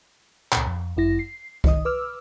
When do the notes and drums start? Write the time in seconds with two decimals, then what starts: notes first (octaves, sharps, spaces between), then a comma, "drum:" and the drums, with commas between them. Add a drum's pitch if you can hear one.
0.52 C#2 A#2, drum: clap
0.67 F2
0.97 G1 F#2 E4 A#6
1.19 C7
1.64 G1 D#3 D#5 D#6, drum: kick C2
1.85 B4 D6 E6 F6